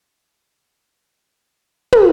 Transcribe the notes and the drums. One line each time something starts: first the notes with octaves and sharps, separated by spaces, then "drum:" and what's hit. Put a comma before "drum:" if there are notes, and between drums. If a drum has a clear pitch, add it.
A3 F#4 G4 A5 A#5
drum: tom